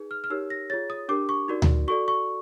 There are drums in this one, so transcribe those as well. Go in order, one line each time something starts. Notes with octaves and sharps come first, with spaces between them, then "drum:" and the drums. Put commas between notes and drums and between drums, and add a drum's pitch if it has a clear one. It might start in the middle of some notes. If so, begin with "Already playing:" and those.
Already playing: D#4 G#4 B4
F6
F6
D#4 G4 A#4 C#5 E6
A#6
F4 G#4 C#5 A6
D#6
D4 G4 A#4 D6
C#6
D#4 F#4 A#4 D5
drum: tom D2
F#4 A4 D5 C#6
C#6